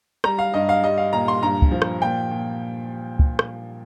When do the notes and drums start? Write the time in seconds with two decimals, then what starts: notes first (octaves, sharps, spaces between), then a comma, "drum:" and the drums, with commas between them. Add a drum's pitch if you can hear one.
0.24 G3 A#5, drum: rim click
0.39 F5
0.54 G2 D#5
0.69 F5
0.84 G3 D#5
0.98 F5
1.13 A#2 A#5
1.28 C6
1.42 G2 A#5
1.62 drum: kick
1.71 F3
1.82 drum: rim click
2.02 A#2 G5
2.31 A#2
3.19 drum: kick
3.39 drum: rim click